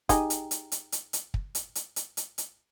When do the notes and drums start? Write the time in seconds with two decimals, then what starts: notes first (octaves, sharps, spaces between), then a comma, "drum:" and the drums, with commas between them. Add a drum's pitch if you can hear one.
0.09 D#4 G4 G#4, drum: kick, hi-hat
0.30 drum: hi-hat
0.51 drum: hi-hat
0.72 drum: hi-hat
0.92 drum: hi-hat
1.13 drum: hi-hat
1.34 drum: kick
1.55 drum: hi-hat
1.75 drum: hi-hat
1.96 drum: hi-hat
2.17 drum: hi-hat
2.38 drum: hi-hat